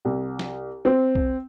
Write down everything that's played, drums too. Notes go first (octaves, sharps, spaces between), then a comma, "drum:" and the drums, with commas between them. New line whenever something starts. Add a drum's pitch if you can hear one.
C2
drum: snare
C4
drum: kick B1